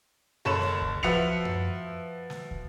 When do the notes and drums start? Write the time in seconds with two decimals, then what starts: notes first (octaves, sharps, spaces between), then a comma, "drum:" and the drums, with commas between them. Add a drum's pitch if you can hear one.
0.45 F#1 A4 C#5 B5 E7
0.60 drum: snare
0.82 drum: kick
1.03 F3 F#4 B4 E5 C#7 F7, drum: kick
1.45 drum: tom F#2
2.30 drum: snare
2.51 drum: kick